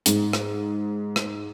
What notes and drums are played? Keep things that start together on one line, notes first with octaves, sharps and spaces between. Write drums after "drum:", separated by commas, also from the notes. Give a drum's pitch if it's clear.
G#2, drum: hi-hat
drum: rim click
drum: rim click